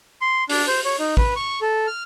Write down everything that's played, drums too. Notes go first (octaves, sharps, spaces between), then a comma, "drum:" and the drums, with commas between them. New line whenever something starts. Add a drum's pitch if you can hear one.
C6
D4, drum: open hi-hat
C5
C#5
D#4
B4, drum: kick
C#6
A4
F6